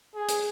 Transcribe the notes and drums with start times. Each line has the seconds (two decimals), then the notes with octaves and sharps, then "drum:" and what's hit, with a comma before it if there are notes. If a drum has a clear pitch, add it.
0.15 G#4
0.28 drum: hi-hat